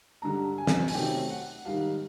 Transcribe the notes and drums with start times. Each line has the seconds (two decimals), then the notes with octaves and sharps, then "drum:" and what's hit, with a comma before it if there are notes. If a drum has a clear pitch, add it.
0.22 G2 D3 G3 A#5
0.58 G#5
0.67 drum: snare
0.88 G#5, drum: open hi-hat
0.94 C3 D#3 F#3 A3 C#4 G5
1.30 F#5
1.65 G#2 D#3 G3 F5